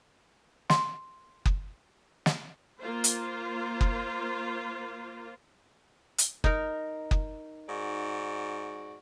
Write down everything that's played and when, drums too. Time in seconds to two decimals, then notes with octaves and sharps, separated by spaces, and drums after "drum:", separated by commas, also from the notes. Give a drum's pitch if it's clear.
0.70 C6, drum: snare
1.46 drum: kick F#1
2.26 drum: snare
2.80 A#3 F4 C5
3.04 drum: hi-hat
3.81 drum: kick F#1
6.18 drum: hi-hat
6.44 D#4 A#4, drum: kick F#1
7.11 drum: kick F#1
7.68 G#2 F#4 D5